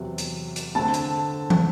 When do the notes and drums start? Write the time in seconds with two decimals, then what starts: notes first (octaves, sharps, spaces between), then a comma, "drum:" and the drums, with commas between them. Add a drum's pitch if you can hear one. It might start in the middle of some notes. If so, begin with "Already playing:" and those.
Already playing: E2 C3 F#3
0.18 drum: hi-hat
0.56 drum: hi-hat
0.75 D3 A3 C4 A5
0.94 drum: hi-hat
1.50 drum: tom